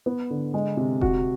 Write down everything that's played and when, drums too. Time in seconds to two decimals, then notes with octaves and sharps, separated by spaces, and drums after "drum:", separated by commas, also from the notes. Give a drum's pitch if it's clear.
0.06 B3
0.30 D3
0.54 G#3
0.77 C3
1.01 F#4, drum: kick E1